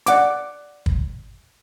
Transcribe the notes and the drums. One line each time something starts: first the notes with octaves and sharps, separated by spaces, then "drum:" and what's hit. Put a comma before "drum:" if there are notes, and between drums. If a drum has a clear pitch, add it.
D5 F#5 D6, drum: hi-hat
drum: kick